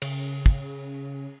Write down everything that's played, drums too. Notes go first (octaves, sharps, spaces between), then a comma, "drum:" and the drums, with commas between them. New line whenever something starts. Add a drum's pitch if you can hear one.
C#3, drum: cymbal
drum: kick